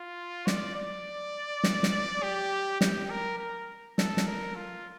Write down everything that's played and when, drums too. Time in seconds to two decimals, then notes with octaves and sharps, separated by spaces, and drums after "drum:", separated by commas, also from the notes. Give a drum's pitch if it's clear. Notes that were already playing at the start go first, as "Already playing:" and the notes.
Already playing: F4
0.47 D5, drum: snare
0.75 D5
1.64 drum: snare
1.83 drum: snare
2.23 G4
2.81 G4, drum: snare
3.10 A#4
3.38 A#4
3.98 A4, drum: snare
4.17 drum: snare
4.27 A#4
4.56 F4